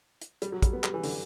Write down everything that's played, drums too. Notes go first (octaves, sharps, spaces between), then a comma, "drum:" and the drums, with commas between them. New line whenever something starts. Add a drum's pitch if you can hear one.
drum: hi-hat
G3, drum: hi-hat
F#3
G3, drum: kick, hi-hat
B3
G3, drum: clap
E3
D3, drum: open hi-hat